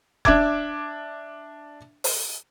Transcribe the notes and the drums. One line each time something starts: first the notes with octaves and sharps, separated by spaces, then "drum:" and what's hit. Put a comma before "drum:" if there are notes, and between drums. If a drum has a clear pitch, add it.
D4 E5 D6 G#6, drum: kick E1
drum: open hi-hat